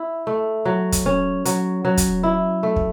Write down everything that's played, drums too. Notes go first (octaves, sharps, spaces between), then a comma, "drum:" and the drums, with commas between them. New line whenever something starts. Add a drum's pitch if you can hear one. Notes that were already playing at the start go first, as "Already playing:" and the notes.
Already playing: E4
A3
F#3
drum: kick, hi-hat
C#4
F#3, drum: hi-hat
F#3
drum: kick, hi-hat
E4
A3
drum: kick